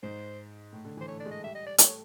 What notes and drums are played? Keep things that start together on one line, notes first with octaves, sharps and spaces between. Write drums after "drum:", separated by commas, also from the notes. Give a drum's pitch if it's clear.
G#2 C5
A2
D3
E3 C5
A3 C#5
D5
G#3
D#5
G3 E5
D#5
D5
A3 C#5, drum: hi-hat